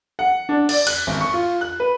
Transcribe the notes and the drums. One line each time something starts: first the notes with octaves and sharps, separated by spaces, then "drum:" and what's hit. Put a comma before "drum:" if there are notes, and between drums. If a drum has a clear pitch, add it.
F#5
D4
D5, drum: cymbal
F#6, drum: cymbal
G#1
C#6
F4
F#6
B4